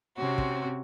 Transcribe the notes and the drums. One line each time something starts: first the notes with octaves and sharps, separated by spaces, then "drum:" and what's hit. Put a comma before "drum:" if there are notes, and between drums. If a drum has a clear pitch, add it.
C3 C4 C#4 F#4
drum: kick